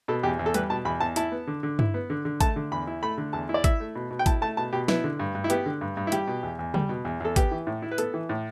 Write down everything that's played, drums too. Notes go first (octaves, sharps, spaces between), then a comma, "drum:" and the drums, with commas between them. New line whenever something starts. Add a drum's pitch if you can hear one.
B2 A4
E2 G4
E2
A4
G3 B4, drum: hi-hat
B2 A5
E2 B5
E2 A5
E4 A5, drum: hi-hat
B3
D3
D3
E4, drum: tom G2
B3
D3
D3
A3 A5, drum: kick, hi-hat
D3
E2 B5
E4
A3 B5
D3
E2 A5
E4
D5
E4 E5, drum: kick, hi-hat
A3
B2
B2
G5
E4 A5, drum: kick, hi-hat
A3 A5
B2 A5
B2 G4
B3 E4, drum: snare
D3
G2
G2
E4
B3 G4, drum: hi-hat
D3
G2
G2
E4
G3 G4, drum: hi-hat
B2
E2
E2
G3, drum: tom C#3
B2
E2
E2 A4
B3 G4, drum: kick, hi-hat
E3
A2
E4
B4
B3 A4, drum: hi-hat
E3
A2